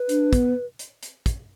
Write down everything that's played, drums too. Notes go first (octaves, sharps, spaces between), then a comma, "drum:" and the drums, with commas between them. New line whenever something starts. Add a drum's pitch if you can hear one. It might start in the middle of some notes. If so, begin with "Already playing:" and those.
Already playing: B4
D4, drum: hi-hat
B3, drum: kick, hi-hat
drum: hi-hat
drum: hi-hat
drum: kick, hi-hat